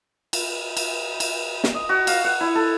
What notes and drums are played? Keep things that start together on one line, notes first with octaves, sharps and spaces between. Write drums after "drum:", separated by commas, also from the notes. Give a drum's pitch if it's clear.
drum: cymbal
drum: cymbal
drum: cymbal
drum: snare
D#5
F#4
F5, drum: cymbal
F#5
E4
A4